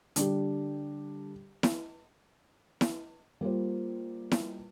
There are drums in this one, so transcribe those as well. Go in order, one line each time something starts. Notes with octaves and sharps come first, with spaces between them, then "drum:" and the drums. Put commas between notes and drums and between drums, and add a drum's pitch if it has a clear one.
D3 G3 D4 G4, drum: hi-hat
drum: snare E4
drum: snare E4
G3 A#3 F4 C5
drum: snare E4